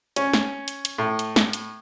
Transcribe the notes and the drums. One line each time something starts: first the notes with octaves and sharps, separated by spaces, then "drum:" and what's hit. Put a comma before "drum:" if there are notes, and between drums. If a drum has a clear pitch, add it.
C#4, drum: hi-hat
drum: snare
drum: hi-hat
drum: hi-hat
A2
drum: hi-hat
drum: snare
drum: hi-hat